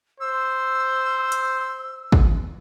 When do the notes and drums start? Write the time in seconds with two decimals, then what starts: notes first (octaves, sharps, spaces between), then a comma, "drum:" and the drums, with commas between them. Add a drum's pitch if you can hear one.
0.20 C5 E6
1.32 drum: hi-hat
2.12 drum: kick